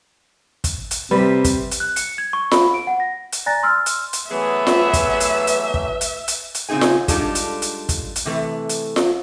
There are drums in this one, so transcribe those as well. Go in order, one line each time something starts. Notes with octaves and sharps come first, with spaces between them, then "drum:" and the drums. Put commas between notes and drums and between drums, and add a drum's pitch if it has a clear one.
drum: kick, hi-hat
drum: hi-hat
C3 G3 B4
drum: kick, hi-hat
drum: hi-hat
F#6
C#7, drum: hi-hat
G#6
C#6
B5, drum: snare F4
D7
F#5
A#6
drum: hi-hat
D5 G#5 A#5 F#6 A6 A#6
C6 E6 F6
drum: hi-hat
drum: hi-hat
E3 F#3 A3 B3 G#4 B4 E5
drum: snare F4
drum: kick, hi-hat
drum: hi-hat
drum: hi-hat
drum: kick
drum: hi-hat
drum: hi-hat
drum: hi-hat
A#2 C#3 C4 D#4 G#4 G#5
drum: snare F4
G3 G#3 D4 D#4 F4 A4, drum: kick, hi-hat
drum: hi-hat
drum: hi-hat
drum: kick, hi-hat
drum: hi-hat
C3 E3 A3 B4
drum: hi-hat
drum: snare F4